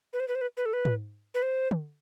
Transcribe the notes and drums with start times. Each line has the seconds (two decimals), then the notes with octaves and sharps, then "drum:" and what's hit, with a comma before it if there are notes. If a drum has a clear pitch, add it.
0.13 B4
0.20 C5
0.28 B4
0.35 C5
0.41 B4
0.57 B4
0.66 A4
0.73 B4
0.85 drum: tom G#2
1.34 B4
1.42 C5
1.71 drum: tom